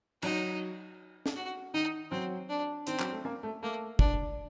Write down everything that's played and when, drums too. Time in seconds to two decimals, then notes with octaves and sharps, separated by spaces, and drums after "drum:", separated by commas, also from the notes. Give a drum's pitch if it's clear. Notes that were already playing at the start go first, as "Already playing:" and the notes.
0.22 F#3 D#4, drum: cymbal
1.26 drum: snare
1.36 F#4
1.74 D#3 D#4
2.11 F#3 C4
2.49 D4
2.87 D#3 C4, drum: hi-hat
3.00 F#3, drum: clap
3.12 A3
3.25 A#3
3.43 A3
3.63 A3 A#3
3.99 D4, drum: kick